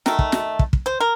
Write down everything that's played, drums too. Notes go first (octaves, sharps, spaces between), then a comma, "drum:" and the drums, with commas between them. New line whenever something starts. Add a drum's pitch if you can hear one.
D#3 A3, drum: snare
drum: kick
drum: snare
drum: kick
drum: kick
C5
A#4